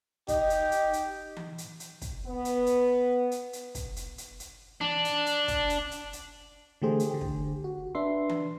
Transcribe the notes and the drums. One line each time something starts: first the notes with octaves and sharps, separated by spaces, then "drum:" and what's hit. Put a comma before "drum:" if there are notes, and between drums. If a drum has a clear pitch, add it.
D#4 G4, drum: kick, hi-hat
drum: hi-hat
drum: hi-hat
drum: hi-hat
drum: tom E3
drum: hi-hat
drum: hi-hat
drum: kick, hi-hat
B3
drum: hi-hat
drum: hi-hat
drum: hi-hat
drum: hi-hat
drum: kick, hi-hat
drum: hi-hat
drum: hi-hat
drum: hi-hat
D4, drum: tom E3
drum: hi-hat
drum: hi-hat
drum: kick, hi-hat
drum: hi-hat
drum: hi-hat
drum: hi-hat
D3 E3 A3 G4 G#4 C5
drum: hi-hat
D3 G4
drum: kick
F#4
D4 B4 E5 C6
drum: tom E3